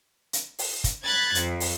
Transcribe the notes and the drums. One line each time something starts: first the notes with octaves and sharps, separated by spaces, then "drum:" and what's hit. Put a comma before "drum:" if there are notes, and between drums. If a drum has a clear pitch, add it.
drum: hi-hat
drum: open hi-hat
drum: kick, hi-hat
B5 F#6 G#6 A6
F2, drum: hi-hat
drum: open hi-hat